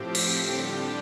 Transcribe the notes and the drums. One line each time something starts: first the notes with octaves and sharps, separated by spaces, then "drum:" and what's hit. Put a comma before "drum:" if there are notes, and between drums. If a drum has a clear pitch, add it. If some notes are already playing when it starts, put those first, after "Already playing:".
Already playing: A2 F3 C4 G4
drum: cymbal
D3 G3 D4 G4